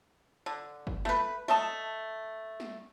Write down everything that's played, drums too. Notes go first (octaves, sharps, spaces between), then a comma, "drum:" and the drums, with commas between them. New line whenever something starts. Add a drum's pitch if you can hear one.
D3
drum: kick
A3 B4, drum: snare
A3 D#5 A5, drum: snare
drum: snare